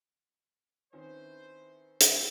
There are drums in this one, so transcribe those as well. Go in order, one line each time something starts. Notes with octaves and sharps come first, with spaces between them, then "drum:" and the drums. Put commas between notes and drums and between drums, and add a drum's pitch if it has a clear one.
D#3 C4 C#4 E4 B4 C5
drum: hi-hat